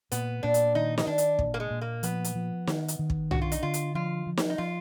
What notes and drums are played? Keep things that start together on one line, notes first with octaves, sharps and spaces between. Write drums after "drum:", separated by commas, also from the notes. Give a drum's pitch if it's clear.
A#2 B3, drum: hi-hat
A#2 D4
drum: hi-hat
D#3 D#4
D#4, drum: snare
D#3 D4
drum: hi-hat
A#2, drum: kick
A#3
G#3
A#2
A#3
F3 B3, drum: hi-hat
drum: hi-hat
F3
D#3, drum: snare
drum: hi-hat
D#3
drum: kick
D4 F#4, drum: tom
F4
D#4, drum: hi-hat
D3 F4
drum: hi-hat
F3 F4
F3
drum: snare
D#4
F3 F4